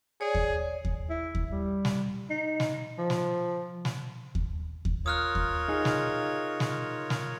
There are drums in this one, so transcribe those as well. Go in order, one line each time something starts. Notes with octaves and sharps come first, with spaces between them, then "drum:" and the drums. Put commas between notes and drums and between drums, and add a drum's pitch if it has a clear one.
G#4 C#5 D5
drum: kick D#2
drum: kick D#2
E4
drum: kick D#2
G3
drum: snare
D#4
drum: snare
F3
drum: snare
drum: snare
drum: kick D#2
drum: kick D#2
F4 A#4 C#5 D#6 F6 F#6
drum: kick D#2
D#4 G#4
drum: snare
drum: snare
drum: snare